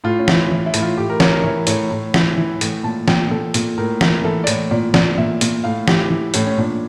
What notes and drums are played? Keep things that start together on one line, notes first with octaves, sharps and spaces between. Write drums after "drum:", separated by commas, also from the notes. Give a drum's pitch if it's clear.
A2 F4
C#4
E3, drum: snare
E3
E4
A2, drum: hi-hat
F4
A2 G4
A#4
E3 C#5, drum: snare
A#4
E3 C#5
A2 C#5, drum: hi-hat
A2
E3, drum: snare
E3
A2, drum: hi-hat
A#2 A5
A#2 G5, drum: snare
A#2 A4
A#2, drum: hi-hat
A2 A#4
E3 A#4, drum: snare
E3 A4
D5
A2 C#5, drum: hi-hat
A#2 D5
A#2 D5, drum: snare
A#2 E5
A#2, drum: hi-hat
A2 F5
E3 G4, drum: snare
E3
A2 C#4, drum: hi-hat
C#4
A#2 D4